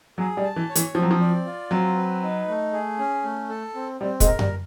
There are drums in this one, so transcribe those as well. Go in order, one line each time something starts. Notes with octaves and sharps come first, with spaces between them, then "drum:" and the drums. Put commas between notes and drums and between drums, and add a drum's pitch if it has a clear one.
F#3 G#4
G3
A5
E3
C#5
E3, drum: hi-hat
F3 C4
F#3
F3
D5
F4
F#3 C4
B4
D#4
A3
G#4
C#4
A3
A4
C4
G3 C4
G#3, drum: kick, hi-hat
A#4
G3, drum: tom F#2